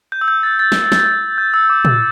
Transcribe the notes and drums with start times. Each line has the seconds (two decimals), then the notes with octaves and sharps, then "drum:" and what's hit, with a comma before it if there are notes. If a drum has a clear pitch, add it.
0.12 G6
0.21 E6
0.28 G6
0.43 A6
0.59 A6
0.72 drum: snare
0.92 drum: snare
1.38 G6
1.54 E6
1.70 D6
1.85 E6, drum: tom